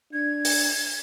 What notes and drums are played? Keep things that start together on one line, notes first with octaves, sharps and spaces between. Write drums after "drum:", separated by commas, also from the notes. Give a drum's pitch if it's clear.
D4 G#6
drum: open hi-hat